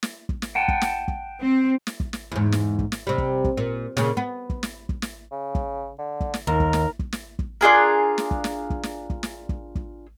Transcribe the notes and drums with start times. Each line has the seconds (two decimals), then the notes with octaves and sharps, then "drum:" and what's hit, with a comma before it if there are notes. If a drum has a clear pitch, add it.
0.03 drum: snare
0.29 drum: kick
0.42 drum: snare
0.55 F#5 G5 A5
0.68 drum: kick
0.81 drum: snare
1.08 drum: kick
1.41 C4
1.87 drum: snare
2.00 drum: kick
2.13 drum: snare
2.32 E2 G#2
2.52 drum: snare
2.79 drum: kick
2.92 drum: snare
3.07 C3 G3
3.18 drum: kick
3.44 drum: kick
3.57 A#2
3.97 A#2 C#3, drum: snare
4.17 B3
4.50 drum: kick
4.63 drum: snare
4.89 drum: kick
5.02 drum: snare
5.32 C#3
5.55 drum: kick
5.99 D3
6.20 drum: kick
6.34 drum: snare
6.47 D#2 A#4
6.60 drum: kick
6.73 drum: snare
6.99 drum: kick
7.12 drum: snare
7.39 drum: kick
7.61 D4 F4 G#4 A#4
8.18 drum: snare
8.31 drum: kick
8.44 drum: snare
8.70 drum: kick
8.83 drum: snare
9.10 drum: kick
9.23 drum: snare
9.49 drum: kick
9.75 drum: kick